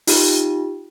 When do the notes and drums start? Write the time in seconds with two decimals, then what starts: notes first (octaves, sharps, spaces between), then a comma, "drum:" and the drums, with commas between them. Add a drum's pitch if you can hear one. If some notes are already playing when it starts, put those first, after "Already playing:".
0.07 D#4 F4 G4, drum: open hi-hat